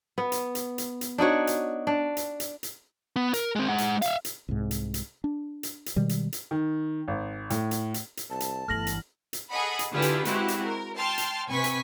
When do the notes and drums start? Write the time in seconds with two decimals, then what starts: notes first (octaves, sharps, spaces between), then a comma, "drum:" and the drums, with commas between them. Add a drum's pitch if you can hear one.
0.18 B3
0.32 drum: hi-hat
0.55 drum: hi-hat
0.78 drum: hi-hat
1.01 drum: hi-hat
1.18 D4 D#4 F#4 C#5
1.47 drum: hi-hat
1.87 D4
2.17 drum: hi-hat
2.40 drum: hi-hat
2.63 drum: hi-hat
3.16 B3
3.34 A#4, drum: hi-hat
3.56 G#3 C4
3.69 G#3 F#5
3.78 drum: hi-hat
4.02 E5 F5, drum: hi-hat
4.25 drum: hi-hat
4.48 C2 G#2
4.71 drum: hi-hat
4.94 drum: hi-hat
5.24 D4
5.63 drum: hi-hat
5.86 drum: hi-hat
5.96 B2 D#3 G3 G#3
6.09 drum: hi-hat
6.32 drum: hi-hat
6.51 D#3
7.08 G#1
7.50 A2, drum: hi-hat
7.71 drum: hi-hat
7.94 drum: hi-hat
8.17 drum: hi-hat
8.30 C2 A5
8.40 drum: hi-hat
8.68 G1 E3 A3 F6 A#6 F#7
8.87 drum: hi-hat
9.33 drum: hi-hat
9.51 G#4 A4 D#5 F#5 B5
9.79 drum: hi-hat
9.93 D3 E4 F4 G4 G#4 B4
10.02 drum: hi-hat
10.25 G#3 C4 E4 F#4 G4, drum: hi-hat
10.48 drum: hi-hat
10.64 A#4
10.97 G5 A5 C6 F6
11.18 drum: hi-hat
11.49 C3 B4 G#5 C#6 B6
11.64 drum: hi-hat